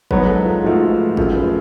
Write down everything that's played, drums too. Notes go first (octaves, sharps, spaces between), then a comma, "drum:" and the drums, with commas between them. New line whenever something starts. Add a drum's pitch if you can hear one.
G#2 F#3 B3 B4, drum: kick G#1
A4
F4
G#2 F3 A3 F#4
F#2 F3 A3 F4 G#4, drum: kick G#1
B4